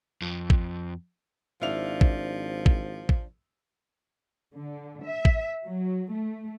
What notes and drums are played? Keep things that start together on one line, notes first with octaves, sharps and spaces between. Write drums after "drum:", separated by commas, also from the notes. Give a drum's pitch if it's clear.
F2
drum: kick
G#1 F3 D4 E4 D5 F5 F7
drum: kick
drum: kick
drum: kick
D3
E5
drum: kick
F#3
A3